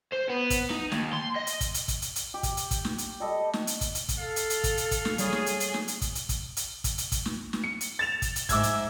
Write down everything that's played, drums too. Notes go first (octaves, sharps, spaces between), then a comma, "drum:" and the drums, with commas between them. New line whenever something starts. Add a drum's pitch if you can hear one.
C5
B3
drum: kick, hi-hat
D#4
D#2, drum: snare
C6
D#5
drum: hi-hat
drum: kick, hi-hat
drum: hi-hat
drum: kick, hi-hat
drum: hi-hat
drum: hi-hat
G4
drum: kick, hi-hat
drum: hi-hat
drum: kick, hi-hat
drum: snare
drum: hi-hat
G3 A4 D#5
drum: snare
drum: hi-hat
drum: kick, hi-hat
drum: hi-hat
drum: kick, hi-hat
A4 F5
drum: hi-hat
drum: hi-hat
drum: kick, hi-hat
drum: hi-hat
drum: kick, hi-hat
drum: snare
G3 G#4 C#5 C7, drum: hi-hat
drum: snare
drum: hi-hat
drum: hi-hat
drum: snare
drum: hi-hat
drum: kick, hi-hat
drum: hi-hat
drum: kick, hi-hat
drum: hi-hat
drum: kick, hi-hat
drum: hi-hat
drum: kick, hi-hat
drum: snare
drum: snare
C#7
drum: hi-hat
A6 E7 F7
drum: kick, hi-hat
drum: hi-hat
G#2 E5 D6 E6 G#6, drum: kick, hi-hat
drum: hi-hat